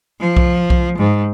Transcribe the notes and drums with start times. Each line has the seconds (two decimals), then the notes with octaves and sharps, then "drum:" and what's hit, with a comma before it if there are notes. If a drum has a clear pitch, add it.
0.20 F3
0.37 drum: kick B1
0.70 drum: kick B1
0.98 G#2